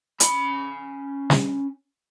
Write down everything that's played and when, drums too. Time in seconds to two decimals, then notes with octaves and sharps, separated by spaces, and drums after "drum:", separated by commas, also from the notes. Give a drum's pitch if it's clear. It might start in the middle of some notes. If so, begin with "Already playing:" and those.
0.20 C#4 B5, drum: hi-hat
1.30 drum: snare